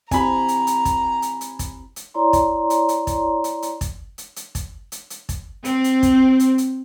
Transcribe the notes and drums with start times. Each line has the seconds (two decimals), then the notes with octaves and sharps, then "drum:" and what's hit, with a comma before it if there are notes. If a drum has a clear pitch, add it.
0.11 C4 E4 G4 G#5 A#5 B5, drum: kick, hi-hat
0.48 drum: hi-hat
0.67 drum: hi-hat
0.85 drum: kick, hi-hat
1.22 drum: hi-hat
1.41 drum: hi-hat
1.59 drum: kick, hi-hat
1.96 drum: hi-hat
2.14 E4 C#5 D5 A#5 C6
2.33 drum: kick, hi-hat
2.70 drum: hi-hat
2.89 drum: hi-hat
3.07 drum: kick, hi-hat
3.44 drum: hi-hat
3.62 drum: hi-hat
3.81 drum: kick, hi-hat
4.18 drum: hi-hat
4.36 drum: hi-hat
4.55 drum: kick, hi-hat
4.92 drum: hi-hat
5.10 drum: hi-hat
5.29 drum: kick, hi-hat
5.65 C4, drum: hi-hat
5.84 drum: hi-hat
6.03 drum: kick, hi-hat
6.40 drum: hi-hat
6.58 drum: hi-hat